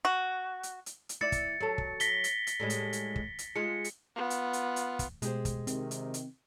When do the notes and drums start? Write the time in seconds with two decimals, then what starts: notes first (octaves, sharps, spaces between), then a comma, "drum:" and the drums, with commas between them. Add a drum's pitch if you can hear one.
0.05 F#4
0.63 drum: hi-hat
0.86 drum: hi-hat
1.09 drum: hi-hat
1.21 E4 D5 A6 C#7
1.32 drum: kick, hi-hat
1.60 F#3 A4
1.78 drum: kick
2.00 A#6 B6 G7, drum: hi-hat
2.24 drum: hi-hat
2.47 drum: hi-hat
2.60 A2 G3 G#3
2.70 drum: hi-hat
2.93 drum: hi-hat
3.16 drum: kick
3.39 drum: hi-hat
3.56 G#3 F4 C#7
3.84 drum: hi-hat
4.16 B3 F4
4.30 drum: hi-hat
4.53 drum: hi-hat
4.76 drum: hi-hat
4.99 drum: kick, hi-hat
5.22 B2 G#3 G4 C5, drum: hi-hat
5.45 drum: kick, hi-hat
5.67 C3 D#3 C4, drum: hi-hat
5.91 drum: hi-hat
6.14 drum: hi-hat